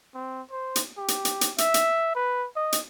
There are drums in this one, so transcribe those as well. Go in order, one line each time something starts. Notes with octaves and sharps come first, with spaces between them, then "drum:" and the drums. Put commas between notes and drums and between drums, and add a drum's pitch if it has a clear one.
C4
C5
drum: hi-hat
G4
drum: hi-hat
drum: hi-hat
drum: hi-hat
E5, drum: hi-hat
drum: hi-hat
B4
D#5
drum: hi-hat